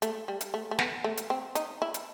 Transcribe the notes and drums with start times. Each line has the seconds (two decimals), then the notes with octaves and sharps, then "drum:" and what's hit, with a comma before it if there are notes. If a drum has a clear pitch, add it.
0.02 A3, drum: hi-hat
0.28 G3
0.41 drum: hi-hat
0.54 A3
0.71 A3
0.79 B3, drum: snare
1.04 A3
1.17 drum: hi-hat
1.30 C4
1.55 D#4, drum: hi-hat
1.82 E4
1.94 drum: hi-hat